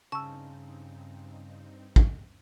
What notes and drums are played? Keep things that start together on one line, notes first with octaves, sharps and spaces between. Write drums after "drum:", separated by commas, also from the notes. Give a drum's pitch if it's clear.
G2 C#3 C4 D#4 A5 C#6 E6
drum: kick